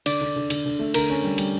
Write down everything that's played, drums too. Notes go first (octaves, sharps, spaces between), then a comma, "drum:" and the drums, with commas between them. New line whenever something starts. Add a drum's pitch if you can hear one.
D3 D5, drum: cymbal
D3
D3
D3, drum: cymbal
D3
A3
D3 A#4, drum: cymbal
C#4
G3
G3, drum: cymbal